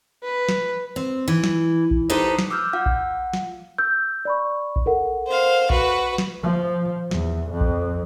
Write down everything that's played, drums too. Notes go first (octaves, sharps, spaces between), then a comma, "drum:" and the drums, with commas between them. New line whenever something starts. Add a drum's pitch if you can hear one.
B4
drum: snare
C4
E3
drum: snare
drum: kick A#1
D#4 G4 A4 B4 C5
drum: snare
D6 E6 F6 G6
F4 F5 F#5
drum: kick A#1
drum: snare
E6 G6
D5 B5 C#6
drum: kick A#1
A4 A#4 F#5
C5 F5
F#4 B4, drum: kick A#1
drum: snare
F3
E2, drum: snare
F2
drum: kick A#1